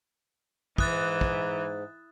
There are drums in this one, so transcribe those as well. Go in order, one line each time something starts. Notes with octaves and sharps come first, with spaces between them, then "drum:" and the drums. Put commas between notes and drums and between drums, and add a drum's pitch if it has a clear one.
G#2 E3 D#6 F#6 A6, drum: kick
drum: kick